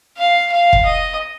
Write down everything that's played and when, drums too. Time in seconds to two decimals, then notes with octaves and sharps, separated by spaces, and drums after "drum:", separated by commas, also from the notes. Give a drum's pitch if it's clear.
0.18 F5
0.52 F5
0.73 drum: kick
0.85 D#5